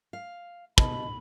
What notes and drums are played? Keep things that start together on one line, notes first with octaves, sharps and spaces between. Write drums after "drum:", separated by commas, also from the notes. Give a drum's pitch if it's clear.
F5
B2 B5, drum: kick